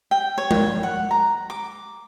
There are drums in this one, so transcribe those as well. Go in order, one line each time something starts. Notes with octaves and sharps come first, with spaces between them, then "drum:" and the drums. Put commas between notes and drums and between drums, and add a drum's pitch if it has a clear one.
G5
C#5
drum: tom G#3
F#5
A#5
D6